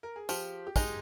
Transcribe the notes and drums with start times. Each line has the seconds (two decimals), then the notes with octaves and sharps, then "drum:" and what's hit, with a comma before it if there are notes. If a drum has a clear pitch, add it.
0.03 A#4
0.16 G#4
0.29 F3 G4, drum: tambourine
0.67 G4
0.76 G#3 D#4 G#4, drum: kick, tambourine